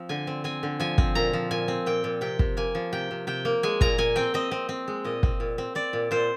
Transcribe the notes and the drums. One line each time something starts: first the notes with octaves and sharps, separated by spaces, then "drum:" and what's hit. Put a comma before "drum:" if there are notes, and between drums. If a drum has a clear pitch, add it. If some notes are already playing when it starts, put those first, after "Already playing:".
Already playing: F3 C4
D3 G#5
C4
C4 G#5
D3
F3 G#5
C4, drum: kick
A#2 A#5
F3
A#2 G#5
C4
A#2 G5
A#2
C3 G5
C3, drum: kick
A#3 G#5
F3
C3 G5
C3
C3 G5
A#3
G#3 G#5
A#2 A#5, drum: kick
A#2 G#5
C4 G5
C4 D#5
C4
C4
G#3
A#2 D#5
C4, drum: kick
A#2
C4
C4 D5
A#2
A#2 C5